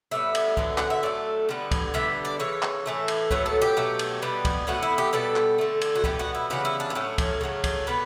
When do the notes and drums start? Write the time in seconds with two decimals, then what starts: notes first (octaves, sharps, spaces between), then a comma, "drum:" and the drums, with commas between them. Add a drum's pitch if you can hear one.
0.11 A2 G3 B3 E5
0.35 drum: cymbal
0.57 D3 F#3 B3, drum: kick
0.78 F#5, drum: clap
0.90 E5
1.03 A2 F#3 A3 D5
1.49 D3 G3 B3
1.71 drum: kick, cymbal
1.94 D3 G3 B3 E5
2.25 D5
2.39 C#3 E3 C#5
2.63 drum: clap
2.86 A2 E3 A3
3.08 drum: cymbal
3.31 A2 F#3 B3 C#5, drum: kick
3.46 A4
3.62 G4
3.77 B2 F#3 A3
3.99 drum: cymbal
4.22 B2 G3 B3
4.45 drum: kick, cymbal
4.67 A2 E3 B3 F#4
4.83 E4
4.98 G4
5.13 B2 G3 B3 A4
5.36 drum: clap
5.58 D3 A3
5.81 drum: cymbal
5.95 F#4
6.04 B2 G3 B3 G4, drum: kick
6.19 F#4
6.35 E4
6.50 C#3 E3 G3 B3 F#4
6.65 E4
6.80 D4
6.90 B3
6.95 A2 F#3 A3 C#4
7.18 drum: kick, cymbal
7.41 C#3 F#3 A3
7.64 drum: kick, cymbal
7.87 B2 G3 B3 B4